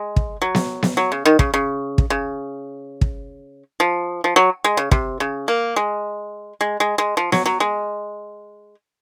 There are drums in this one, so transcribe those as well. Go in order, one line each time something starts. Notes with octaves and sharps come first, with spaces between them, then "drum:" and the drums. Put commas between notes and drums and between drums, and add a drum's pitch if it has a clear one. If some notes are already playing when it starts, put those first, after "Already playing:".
Already playing: G#3
drum: kick
F#3
drum: snare B3
drum: snare B3
F#3
C#3
D#3
C#3, drum: kick
C#3
drum: kick
C#3
drum: kick
F3
F3
F#3
G#3
C#3
C3, drum: kick
C#3
A#3
G#3
G#3
G#3
G#3
F3
F#3, drum: snare B3
F#3
G#3